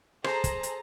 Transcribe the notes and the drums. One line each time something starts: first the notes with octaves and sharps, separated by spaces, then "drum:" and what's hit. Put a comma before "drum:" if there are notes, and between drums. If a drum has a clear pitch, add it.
G#4 A4 C5 A#5, drum: rim click
drum: kick, hi-hat
drum: hi-hat